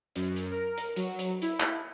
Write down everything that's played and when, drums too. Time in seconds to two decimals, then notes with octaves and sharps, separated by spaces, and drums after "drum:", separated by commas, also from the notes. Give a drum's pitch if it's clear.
0.16 F#2, drum: hi-hat
0.36 drum: hi-hat
0.51 A#4
0.78 drum: hi-hat
0.96 F#3, drum: hi-hat
1.19 drum: hi-hat
1.42 E4, drum: hi-hat
1.60 drum: clap